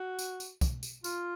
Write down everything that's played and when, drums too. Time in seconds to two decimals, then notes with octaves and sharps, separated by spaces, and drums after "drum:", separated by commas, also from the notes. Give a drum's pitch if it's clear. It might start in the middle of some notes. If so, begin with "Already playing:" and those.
Already playing: F#4
0.19 drum: tambourine
0.40 drum: tambourine
0.61 drum: kick, tambourine
0.83 drum: tambourine
1.04 F4, drum: tambourine